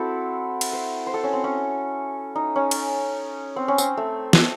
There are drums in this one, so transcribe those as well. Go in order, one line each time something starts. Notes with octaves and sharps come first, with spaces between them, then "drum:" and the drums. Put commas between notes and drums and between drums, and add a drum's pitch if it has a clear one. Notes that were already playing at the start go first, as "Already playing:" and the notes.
Already playing: C4 E4 F#4 A4
drum: cymbal
C5
C5
A4
C#4
C4
C#4
D#4
C#4
drum: cymbal
C4
C#4
C4, drum: tambourine
A3
drum: snare